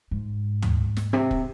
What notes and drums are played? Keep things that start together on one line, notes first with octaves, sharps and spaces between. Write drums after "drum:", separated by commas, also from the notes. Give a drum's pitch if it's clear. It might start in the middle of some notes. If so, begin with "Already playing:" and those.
G#2
drum: tom
drum: snare
C3
drum: kick